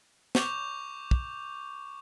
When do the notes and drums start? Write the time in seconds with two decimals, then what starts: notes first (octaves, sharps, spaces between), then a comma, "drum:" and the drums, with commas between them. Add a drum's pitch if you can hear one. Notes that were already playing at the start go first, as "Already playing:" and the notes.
0.35 C#6 D6 G6 F7, drum: snare
1.11 drum: kick